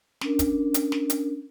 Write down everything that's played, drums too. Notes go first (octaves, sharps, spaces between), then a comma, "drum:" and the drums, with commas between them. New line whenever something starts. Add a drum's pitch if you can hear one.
C#4 D4 A#4, drum: snare
drum: kick, hi-hat
drum: hi-hat
drum: snare
drum: hi-hat